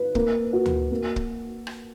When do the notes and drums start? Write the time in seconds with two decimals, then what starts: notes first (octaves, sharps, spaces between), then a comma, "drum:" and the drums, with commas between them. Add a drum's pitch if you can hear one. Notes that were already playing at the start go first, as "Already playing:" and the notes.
Already playing: B4
0.15 A#3, drum: kick
0.53 F#4
0.66 drum: tom D2
0.91 A#3
1.16 drum: kick
1.67 drum: rim click